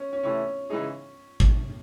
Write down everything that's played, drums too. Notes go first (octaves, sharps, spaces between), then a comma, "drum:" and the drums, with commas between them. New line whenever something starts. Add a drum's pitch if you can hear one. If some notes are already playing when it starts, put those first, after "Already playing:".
Already playing: C#4
C#4
C3 E3 A3 C#4
C#3 E3 G#3 D#4 G#4
drum: kick